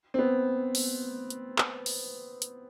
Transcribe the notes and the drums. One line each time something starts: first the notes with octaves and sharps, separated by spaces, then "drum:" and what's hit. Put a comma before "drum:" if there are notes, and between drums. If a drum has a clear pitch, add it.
C4
B3
drum: open hi-hat
drum: hi-hat
drum: clap
drum: open hi-hat
drum: hi-hat